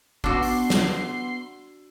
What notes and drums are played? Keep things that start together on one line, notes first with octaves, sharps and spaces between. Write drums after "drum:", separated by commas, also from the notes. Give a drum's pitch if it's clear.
B3 D4 F#4 F#5 C6 D6 E6, drum: kick
drum: open hi-hat
drum: snare